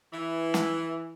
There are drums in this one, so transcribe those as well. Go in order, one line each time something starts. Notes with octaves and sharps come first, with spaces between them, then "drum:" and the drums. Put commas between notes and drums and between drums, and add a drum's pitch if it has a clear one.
E3
drum: snare